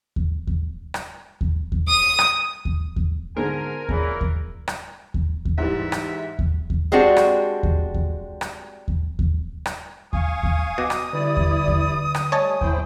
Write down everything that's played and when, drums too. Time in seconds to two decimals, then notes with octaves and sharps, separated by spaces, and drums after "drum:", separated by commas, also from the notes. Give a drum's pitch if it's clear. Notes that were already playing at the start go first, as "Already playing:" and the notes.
0.16 drum: kick D#2
0.47 drum: kick D#2
0.94 drum: rim click
1.41 drum: kick D#2
1.72 drum: kick D#2
1.89 D#6
2.19 drum: rim click
2.65 drum: kick D#2
2.96 drum: kick D#2
3.37 G#2 B2 D3 A#4 C5 G#5
3.89 A#2 C#3 E3, drum: kick D#2
4.21 drum: kick D#2
4.68 drum: rim click
5.14 drum: kick D#2
5.45 drum: kick D#2
5.58 G#2 E3 G3 E5
5.92 drum: rim click
6.39 drum: kick D#2
6.70 drum: kick D#2
6.92 G#3 C4 D4 F#4 G4
7.17 drum: rim click
7.63 drum: kick D#2
7.94 drum: kick D#2
8.41 drum: rim click
8.88 drum: kick D#2
9.19 drum: kick D#2
9.66 drum: rim click
10.13 F5 G#5 C#6 D#6, drum: kick D#2
10.43 drum: kick D#2
10.78 B2 D6 A#6
10.90 drum: rim click
11.13 D3 G3 E4 B4 D5
11.37 drum: kick D#2
11.68 drum: kick D#2
12.15 drum: rim click
12.32 G3 A3 C#5 D#5 G#5 A5
12.61 E4 C5 G5, drum: kick D#2